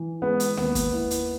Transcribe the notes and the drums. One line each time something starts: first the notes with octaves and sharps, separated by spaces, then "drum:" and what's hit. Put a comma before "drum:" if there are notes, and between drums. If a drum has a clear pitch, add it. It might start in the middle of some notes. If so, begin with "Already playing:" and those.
Already playing: E3
G#3 B3
drum: hi-hat
D#2 B3, drum: snare
drum: kick, hi-hat
E4
drum: hi-hat